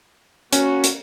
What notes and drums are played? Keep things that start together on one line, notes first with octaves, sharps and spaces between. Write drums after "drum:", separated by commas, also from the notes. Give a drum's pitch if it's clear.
A#3 C#4 F#4, drum: hi-hat
drum: hi-hat